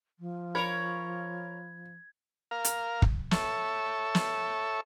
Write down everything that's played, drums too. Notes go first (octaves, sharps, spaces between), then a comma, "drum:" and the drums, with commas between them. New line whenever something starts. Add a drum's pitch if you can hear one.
F3
A#4 C#5 B5 G#6
A#4 F5
drum: hi-hat
drum: kick
A4 C#5 E5, drum: snare
drum: snare